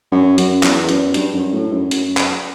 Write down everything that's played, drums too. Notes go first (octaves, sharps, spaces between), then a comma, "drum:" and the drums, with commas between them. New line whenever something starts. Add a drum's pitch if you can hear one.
F#2
F#2, drum: hi-hat
E2, drum: clap
F#2, drum: hi-hat
G2, drum: hi-hat
F#2
A2
F#2
F#2, drum: hi-hat
drum: clap